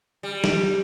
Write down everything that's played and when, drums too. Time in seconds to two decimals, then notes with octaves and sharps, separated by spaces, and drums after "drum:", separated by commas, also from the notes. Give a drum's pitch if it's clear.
0.23 G3
0.44 drum: snare